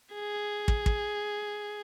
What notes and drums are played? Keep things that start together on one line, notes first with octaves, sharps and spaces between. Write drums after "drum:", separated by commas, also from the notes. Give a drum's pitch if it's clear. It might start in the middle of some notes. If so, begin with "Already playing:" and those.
G#4
drum: kick
drum: kick